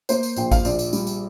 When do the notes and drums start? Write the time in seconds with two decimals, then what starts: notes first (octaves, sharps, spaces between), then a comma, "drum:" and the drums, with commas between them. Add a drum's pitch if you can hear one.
0.09 A#3 C5, drum: tambourine
0.23 drum: tambourine
0.36 A#1 G5, drum: tambourine
0.51 F5, drum: kick G#1, tambourine
0.65 A#1 D5, drum: tambourine
0.79 drum: tambourine
0.93 G3, drum: tambourine
1.07 drum: tambourine